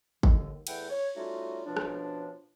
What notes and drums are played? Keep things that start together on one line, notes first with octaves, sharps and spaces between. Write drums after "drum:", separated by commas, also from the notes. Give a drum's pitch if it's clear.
D#2 D3, drum: kick G1
E2 A3 E4 F#5 G5, drum: cymbal
C#5
G3 A3 C#4 D#4 F4 F#4
B2 F3 C#4 D4
drum: rim click